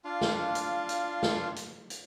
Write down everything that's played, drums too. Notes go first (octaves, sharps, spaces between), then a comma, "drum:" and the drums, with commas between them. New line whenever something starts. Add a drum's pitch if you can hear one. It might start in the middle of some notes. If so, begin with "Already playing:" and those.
D4 F4 F5
drum: snare
drum: hi-hat
drum: hi-hat
drum: snare
drum: hi-hat
drum: hi-hat